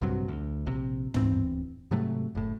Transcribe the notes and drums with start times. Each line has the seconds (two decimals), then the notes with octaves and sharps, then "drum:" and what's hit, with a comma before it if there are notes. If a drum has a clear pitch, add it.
0.01 A#1 G2 C3 F#3
0.28 D2
0.66 A#1 C3
1.14 D1 E2 C4, drum: tom
1.91 G#2 C3 F#3 A3
2.35 F#1 A2